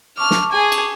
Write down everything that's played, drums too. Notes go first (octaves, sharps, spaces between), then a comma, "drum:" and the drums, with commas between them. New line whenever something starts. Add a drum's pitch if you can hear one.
A5 C#6 D6 F6
drum: snare
G#4 G#5
drum: cymbal